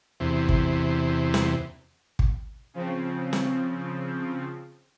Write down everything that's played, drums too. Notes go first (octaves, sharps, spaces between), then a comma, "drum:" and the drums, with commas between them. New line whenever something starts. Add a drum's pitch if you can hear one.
E2 C3
drum: kick
drum: snare
drum: kick
C#3 F3 C4
drum: snare